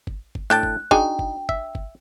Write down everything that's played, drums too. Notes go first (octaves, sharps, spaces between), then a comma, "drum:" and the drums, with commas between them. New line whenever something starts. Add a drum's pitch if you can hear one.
drum: kick
drum: kick
A2 D4 E4 G5 A5 F#6
drum: kick
D4 D#4 F#4 G#4 G5, drum: kick
drum: kick
E5, drum: kick
drum: kick